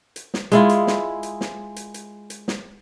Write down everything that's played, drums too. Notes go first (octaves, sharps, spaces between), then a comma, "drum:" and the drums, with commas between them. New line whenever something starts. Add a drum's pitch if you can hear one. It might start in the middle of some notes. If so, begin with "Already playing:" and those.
drum: hi-hat
drum: snare
G#3 E4 F4, drum: hi-hat
drum: hi-hat
drum: snare
drum: hi-hat
drum: snare
drum: hi-hat
drum: hi-hat
drum: hi-hat
drum: snare